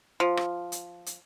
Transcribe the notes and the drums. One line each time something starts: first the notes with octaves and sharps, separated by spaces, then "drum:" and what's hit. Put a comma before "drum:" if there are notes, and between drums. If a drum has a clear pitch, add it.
F3
drum: rim click
drum: hi-hat
drum: hi-hat